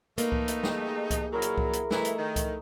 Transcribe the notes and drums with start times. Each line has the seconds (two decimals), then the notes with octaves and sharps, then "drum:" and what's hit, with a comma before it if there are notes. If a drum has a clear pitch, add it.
0.18 A3 A#3 D#4 B4, drum: hi-hat
0.32 drum: kick C2
0.48 drum: hi-hat
0.63 G4 G#4 F#5, drum: snare
1.11 drum: kick C2, hi-hat
1.33 A#2 F#3 E4 G#4 A#4 C#6
1.42 drum: hi-hat
1.58 drum: kick C2
1.73 drum: hi-hat
1.91 E3 A3 D#4 E4, drum: snare
2.05 drum: hi-hat
2.18 D#3
2.36 drum: kick C2, hi-hat